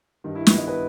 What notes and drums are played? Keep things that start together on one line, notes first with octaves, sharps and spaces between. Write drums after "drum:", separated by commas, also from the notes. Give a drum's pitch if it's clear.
G2 D#3
E4
B3, drum: snare
D#4
B4